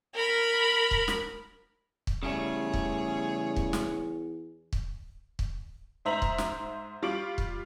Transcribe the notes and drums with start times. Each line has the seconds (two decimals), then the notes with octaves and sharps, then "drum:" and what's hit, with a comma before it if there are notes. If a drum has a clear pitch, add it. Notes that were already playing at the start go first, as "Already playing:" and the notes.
0.14 A#4 B5
0.91 drum: kick
1.08 drum: snare
2.07 drum: kick
2.23 E2 C#3 G3 A3 G#4 C#5
2.74 drum: kick
3.56 drum: kick
3.73 drum: snare
4.73 drum: kick
5.39 drum: kick
6.05 G#2 C5 E5 A#5 F#7
6.22 drum: kick
6.38 drum: snare
7.03 G3 F4 C#6 D6 D7 F#7
7.38 drum: kick